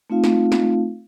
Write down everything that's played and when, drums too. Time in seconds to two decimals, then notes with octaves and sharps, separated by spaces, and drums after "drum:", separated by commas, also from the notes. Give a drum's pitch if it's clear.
0.10 A3 C4 D#4 F4 F5
0.24 drum: snare
0.52 drum: snare